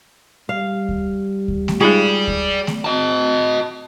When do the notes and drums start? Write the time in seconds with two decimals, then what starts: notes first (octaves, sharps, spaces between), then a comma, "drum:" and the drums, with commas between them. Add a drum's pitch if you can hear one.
0.49 G3 F5
0.89 drum: kick D2
1.48 drum: kick D2
1.68 drum: snare A3
1.81 G#3 D#4 F4 G4 G#4 D5
2.28 drum: kick D2
2.67 drum: snare A3
2.85 D#5 A5